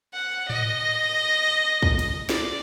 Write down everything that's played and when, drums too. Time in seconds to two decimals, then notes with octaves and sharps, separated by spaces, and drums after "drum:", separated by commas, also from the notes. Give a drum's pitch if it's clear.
0.14 F#5
0.50 D#5, drum: tom G#2
1.83 drum: kick
1.99 drum: cymbal
2.29 D5, drum: snare